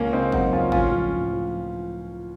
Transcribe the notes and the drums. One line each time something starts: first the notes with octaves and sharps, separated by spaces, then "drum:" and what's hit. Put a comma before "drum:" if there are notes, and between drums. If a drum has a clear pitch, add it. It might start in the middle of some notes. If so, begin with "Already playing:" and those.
Already playing: C#2 A#3 C#4
C#3 C4 D#4
F#3 D#4 F#4, drum: kick G1
C#2 C#4 F4
A2 C#4 F4, drum: kick G1
F3
A2
F3